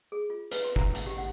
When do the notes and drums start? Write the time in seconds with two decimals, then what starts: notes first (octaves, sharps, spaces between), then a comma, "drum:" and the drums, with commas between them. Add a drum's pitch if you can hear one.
0.12 G#4
0.30 F4
0.51 B4, drum: hi-hat
0.64 C6
0.76 A#5, drum: kick
0.95 A5, drum: hi-hat
1.06 G4
1.18 F#5